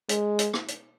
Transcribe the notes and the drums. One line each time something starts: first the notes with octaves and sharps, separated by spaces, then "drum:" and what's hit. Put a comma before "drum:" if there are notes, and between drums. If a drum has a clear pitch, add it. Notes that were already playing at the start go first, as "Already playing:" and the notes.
G#3, drum: hi-hat
drum: hi-hat
drum: rim click
drum: hi-hat